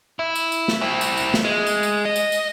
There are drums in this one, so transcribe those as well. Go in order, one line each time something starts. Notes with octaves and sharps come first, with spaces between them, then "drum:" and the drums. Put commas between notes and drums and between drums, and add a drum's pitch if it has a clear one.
E4
drum: tambourine
drum: tambourine
drum: snare
C4 E4
drum: tambourine
drum: tambourine
drum: snare
G#3
drum: tambourine
drum: tambourine
D#5
drum: tambourine
drum: tambourine